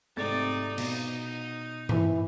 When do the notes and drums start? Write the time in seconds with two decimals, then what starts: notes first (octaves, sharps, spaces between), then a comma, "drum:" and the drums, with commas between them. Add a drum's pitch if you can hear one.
0.17 G#1 C3 A3 D#4 D5 A6
0.78 B2 D#4, drum: cymbal
1.89 E3, drum: tom G2